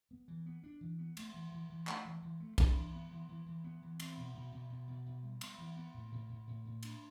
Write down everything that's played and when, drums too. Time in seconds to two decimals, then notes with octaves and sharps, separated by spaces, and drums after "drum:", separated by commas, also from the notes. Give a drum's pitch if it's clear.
0.11 B3
0.28 E3
0.46 B3
0.63 D4
0.81 E3
0.99 B3
1.17 A3, drum: cymbal
1.34 E3
1.52 E3
1.70 E3
1.87 A3, drum: clap
2.05 E3
2.22 E3
2.40 A3
2.58 D4, drum: kick B1, cymbal
2.76 E3
2.94 B3
3.11 E3
3.29 E3
3.46 E3
3.64 B3
3.82 E3
4.00 C4, drum: cymbal
4.17 B2
4.35 B2
4.52 B2
4.70 B2
4.88 B2
5.06 B2
5.23 G3
5.41 B3, drum: cymbal
5.58 E3
5.76 B3
5.94 A2
6.12 A2
6.29 A2
6.47 A2
6.65 A2
6.83 D4, drum: cymbal